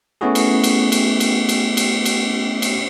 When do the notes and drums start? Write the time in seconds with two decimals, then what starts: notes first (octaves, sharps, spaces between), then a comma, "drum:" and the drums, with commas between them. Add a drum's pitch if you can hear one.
0.21 A3 B3 C#4 E4 F#4 G#4
0.35 drum: cymbal
0.64 drum: cymbal
0.92 drum: cymbal
1.20 drum: cymbal
1.49 drum: cymbal
1.77 drum: cymbal
2.05 drum: cymbal
2.62 drum: cymbal